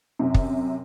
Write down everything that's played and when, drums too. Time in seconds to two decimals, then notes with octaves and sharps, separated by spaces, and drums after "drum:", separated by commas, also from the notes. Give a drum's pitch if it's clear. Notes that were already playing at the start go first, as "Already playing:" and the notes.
0.19 F#2 C3
0.34 drum: kick